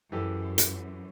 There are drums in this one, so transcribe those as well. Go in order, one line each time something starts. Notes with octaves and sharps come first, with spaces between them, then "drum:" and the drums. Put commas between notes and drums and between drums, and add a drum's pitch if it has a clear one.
F#2 E3 G4 A4
drum: hi-hat